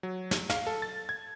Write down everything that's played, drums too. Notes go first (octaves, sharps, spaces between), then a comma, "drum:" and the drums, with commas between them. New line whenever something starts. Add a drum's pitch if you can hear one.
F#3
drum: snare
F5, drum: snare
A4
A6
G#6